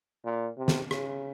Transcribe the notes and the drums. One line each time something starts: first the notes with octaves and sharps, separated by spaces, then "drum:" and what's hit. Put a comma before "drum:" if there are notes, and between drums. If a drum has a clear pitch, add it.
A#2
C3
drum: snare
C#3, drum: rim click